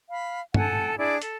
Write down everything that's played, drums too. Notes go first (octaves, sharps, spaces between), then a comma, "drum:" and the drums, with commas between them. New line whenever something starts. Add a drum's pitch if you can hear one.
F5 B5
A4 F#5 G#5 A5, drum: tom G2
D4 E4 G#4 D5
A4, drum: hi-hat